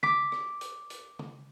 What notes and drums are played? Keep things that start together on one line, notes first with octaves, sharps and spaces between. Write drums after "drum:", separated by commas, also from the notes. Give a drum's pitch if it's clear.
D6 B6, drum: tom
drum: rim click
drum: hi-hat
drum: hi-hat
drum: tom